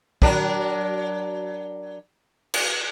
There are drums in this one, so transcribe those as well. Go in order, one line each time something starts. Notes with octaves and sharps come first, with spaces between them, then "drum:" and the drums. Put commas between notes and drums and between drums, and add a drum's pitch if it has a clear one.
F#3 D4 A#4, drum: kick
drum: cymbal